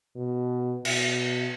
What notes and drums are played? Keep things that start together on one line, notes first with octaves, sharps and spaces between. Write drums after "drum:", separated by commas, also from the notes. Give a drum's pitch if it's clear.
B2
B2, drum: cymbal